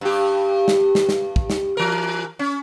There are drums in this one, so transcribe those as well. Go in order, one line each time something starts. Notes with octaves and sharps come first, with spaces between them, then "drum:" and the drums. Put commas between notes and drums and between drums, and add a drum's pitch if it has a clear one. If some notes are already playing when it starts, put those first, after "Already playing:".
G2 G4
drum: snare
drum: snare
drum: snare
drum: kick
drum: snare
E3 A#4
C#4